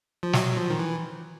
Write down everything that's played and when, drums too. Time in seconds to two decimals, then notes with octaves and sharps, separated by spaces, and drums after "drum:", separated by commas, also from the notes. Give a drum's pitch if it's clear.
0.23 F3
0.33 F#3, drum: snare
0.52 F#3
0.57 F3
0.70 D#3
0.79 E3